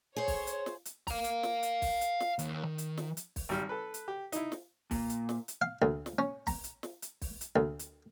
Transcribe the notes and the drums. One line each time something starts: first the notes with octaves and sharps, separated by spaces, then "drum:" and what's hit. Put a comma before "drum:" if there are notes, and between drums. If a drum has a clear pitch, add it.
G#4 C5 C#5
drum: kick B1, open hi-hat
drum: hi-hat
drum: snare
drum: hi-hat
F5 A#5, drum: kick B1, open hi-hat
drum: hi-hat
drum: snare
drum: hi-hat
drum: kick B1, open hi-hat
drum: hi-hat
drum: snare
D#2, drum: hi-hat
D#3
drum: hi-hat
drum: snare
drum: hi-hat
drum: kick B1, open hi-hat
G#1 G3 F6
A4 B4
drum: hi-hat
G4
D#4 E4, drum: hi-hat
drum: snare
A#2, drum: kick B1, open hi-hat
drum: hi-hat
drum: snare
drum: hi-hat
F5
D2
drum: snare
C#4
A#5, drum: kick B1, open hi-hat
drum: hi-hat
drum: snare
drum: hi-hat
drum: kick B1, open hi-hat
drum: hi-hat
D2
drum: hi-hat